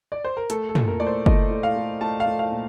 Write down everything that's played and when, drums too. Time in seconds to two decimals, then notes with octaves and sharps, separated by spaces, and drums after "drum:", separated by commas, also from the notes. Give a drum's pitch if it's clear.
0.12 D5
0.25 C5
0.37 A#4
0.50 A3 A4, drum: hi-hat
0.69 A4
0.75 A#2, drum: tom
0.88 A#4
1.00 A3 D5
1.07 C5
1.26 A3 D#5, drum: kick F#1
1.51 A3
1.63 F5
1.76 A3
2.01 A3 A5
2.20 F5
2.26 A3
2.39 F5
2.52 A#2